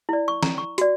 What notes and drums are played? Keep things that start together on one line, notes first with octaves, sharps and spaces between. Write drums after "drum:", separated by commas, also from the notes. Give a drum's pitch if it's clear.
E4 D5
C#6
A#5, drum: snare
C#6
F#4 D5, drum: hi-hat